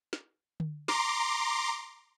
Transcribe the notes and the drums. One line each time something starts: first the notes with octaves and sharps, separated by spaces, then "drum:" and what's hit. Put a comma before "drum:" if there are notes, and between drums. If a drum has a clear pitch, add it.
drum: snare
drum: tom D3
A#5 C6 D6, drum: snare